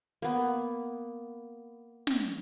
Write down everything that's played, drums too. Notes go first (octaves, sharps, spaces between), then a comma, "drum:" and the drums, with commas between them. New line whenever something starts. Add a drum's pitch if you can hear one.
A#3 B3
drum: snare